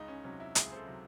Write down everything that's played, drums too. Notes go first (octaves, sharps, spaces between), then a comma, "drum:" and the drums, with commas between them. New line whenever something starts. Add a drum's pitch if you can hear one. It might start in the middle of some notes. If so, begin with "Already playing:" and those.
Already playing: C#2 D#4
C#4
C3 F#3 C#4
E4
C#2 G#4, drum: hi-hat
C5
A4
C3 F#3